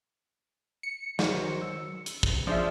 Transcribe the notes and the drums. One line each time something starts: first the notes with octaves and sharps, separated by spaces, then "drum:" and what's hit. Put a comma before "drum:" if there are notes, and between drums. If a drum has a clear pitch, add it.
C#7
D#3 F#3 C5, drum: snare
E6
drum: hi-hat
drum: kick
F3 D4 G#4 E5